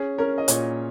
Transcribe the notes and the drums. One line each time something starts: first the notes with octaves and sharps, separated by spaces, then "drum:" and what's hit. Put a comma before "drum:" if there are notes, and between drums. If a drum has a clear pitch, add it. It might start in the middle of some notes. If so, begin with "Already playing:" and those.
Already playing: C#4 G#4
C#4 A#4
D#5
A#2 C#5, drum: hi-hat